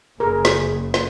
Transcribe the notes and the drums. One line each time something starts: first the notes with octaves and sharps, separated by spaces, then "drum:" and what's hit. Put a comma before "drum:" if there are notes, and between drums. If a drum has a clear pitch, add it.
F#1 C#3 G#4 A#4
drum: snare
drum: snare